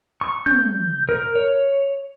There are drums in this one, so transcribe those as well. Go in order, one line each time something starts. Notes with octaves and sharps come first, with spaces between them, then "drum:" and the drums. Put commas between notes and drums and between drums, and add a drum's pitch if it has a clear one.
C#6
G6, drum: tom
A#4
C#5